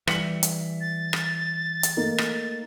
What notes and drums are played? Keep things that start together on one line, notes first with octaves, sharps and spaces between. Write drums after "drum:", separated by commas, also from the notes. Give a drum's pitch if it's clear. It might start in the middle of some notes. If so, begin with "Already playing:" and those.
E3 G3 B6 C#7 F#7, drum: rim click
drum: hi-hat
A6
drum: rim click
drum: hi-hat
A3 A#3 D#4
drum: rim click